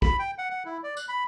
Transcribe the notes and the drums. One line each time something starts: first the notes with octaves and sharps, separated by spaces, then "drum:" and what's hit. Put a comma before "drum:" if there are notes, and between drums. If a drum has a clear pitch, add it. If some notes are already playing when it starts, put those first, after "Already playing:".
B5, drum: kick
G5
F#5
F#5
E4
D5
F#6, drum: tambourine
B5